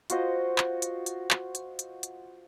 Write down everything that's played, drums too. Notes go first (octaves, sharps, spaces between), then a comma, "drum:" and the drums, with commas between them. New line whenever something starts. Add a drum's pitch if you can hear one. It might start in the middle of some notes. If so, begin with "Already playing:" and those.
F4 F#4 C5 D#5, drum: hi-hat
drum: clap
drum: hi-hat
drum: hi-hat
drum: clap
drum: hi-hat
drum: hi-hat
drum: hi-hat